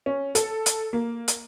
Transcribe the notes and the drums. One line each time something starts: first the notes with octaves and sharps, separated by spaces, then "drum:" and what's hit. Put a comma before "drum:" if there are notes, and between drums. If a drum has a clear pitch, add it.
C#4
A4, drum: hi-hat
drum: hi-hat
A#3
drum: hi-hat